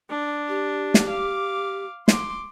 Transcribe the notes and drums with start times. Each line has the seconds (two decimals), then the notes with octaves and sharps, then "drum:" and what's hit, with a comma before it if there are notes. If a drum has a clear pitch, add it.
0.10 D4
0.49 G4
0.94 drum: snare
1.10 F5 D6
2.08 C6 D6, drum: snare